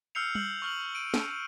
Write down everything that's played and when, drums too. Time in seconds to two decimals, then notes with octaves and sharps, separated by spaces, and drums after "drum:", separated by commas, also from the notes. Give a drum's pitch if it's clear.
0.15 E6 F6 G6 C7 C#7 F7
0.35 G6 C7 F#7, drum: tom G3
0.62 C#6 F6 F#7
0.95 D7 D#7
1.14 drum: snare